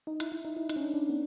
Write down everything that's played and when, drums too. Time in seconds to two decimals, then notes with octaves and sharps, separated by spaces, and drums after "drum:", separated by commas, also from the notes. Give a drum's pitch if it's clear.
0.07 D#4
0.20 E4, drum: hi-hat
0.32 E4
0.45 D#4
0.57 E4
0.70 D#4, drum: hi-hat
0.76 C#4
0.81 D4
0.94 D4
1.09 B3